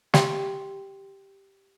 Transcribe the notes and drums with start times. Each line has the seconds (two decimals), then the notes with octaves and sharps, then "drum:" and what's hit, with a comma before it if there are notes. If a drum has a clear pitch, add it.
0.14 G4 G5 C6, drum: snare